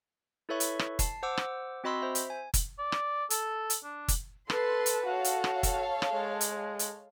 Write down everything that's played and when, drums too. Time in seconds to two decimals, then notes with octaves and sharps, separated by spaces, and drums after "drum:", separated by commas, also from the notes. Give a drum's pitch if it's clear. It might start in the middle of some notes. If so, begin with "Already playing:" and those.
0.49 E4 A4 B4 C#5 E5 C#6
0.60 drum: hi-hat
0.79 drum: rim click
0.99 A5 C7, drum: kick, hi-hat
1.23 C5 F#5 D6 E6
1.37 drum: rim click
1.84 C4 F#4 D#5 B5 C6 E6
2.02 C5 E5
2.15 drum: hi-hat
2.30 G#5
2.54 drum: kick, hi-hat
2.79 D5
2.92 drum: rim click
3.30 A4, drum: hi-hat
3.70 drum: hi-hat
3.84 D4
4.08 drum: kick, hi-hat
4.50 A4 B4 C6, drum: rim click
4.86 drum: hi-hat
5.06 F#4 A4 C#5 F5
5.24 drum: hi-hat
5.44 drum: rim click
5.63 drum: kick, hi-hat
6.02 drum: rim click
6.12 G#3
6.41 drum: hi-hat
6.79 drum: hi-hat